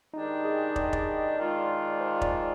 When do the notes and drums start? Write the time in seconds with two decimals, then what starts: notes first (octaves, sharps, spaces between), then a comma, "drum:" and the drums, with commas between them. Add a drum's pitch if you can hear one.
0.14 D#3 G#3 D4 D#4 G4
0.45 G#4
0.76 D5, drum: kick
0.84 D#5
0.93 D5, drum: kick
1.39 D#3 G#3 D4 F4
2.00 C5
2.21 D5, drum: kick